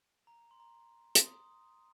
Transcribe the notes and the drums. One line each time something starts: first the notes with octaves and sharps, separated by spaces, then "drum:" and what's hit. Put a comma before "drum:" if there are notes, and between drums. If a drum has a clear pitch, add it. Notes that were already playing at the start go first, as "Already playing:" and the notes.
A#5
C6
A#5
C6, drum: hi-hat
D#6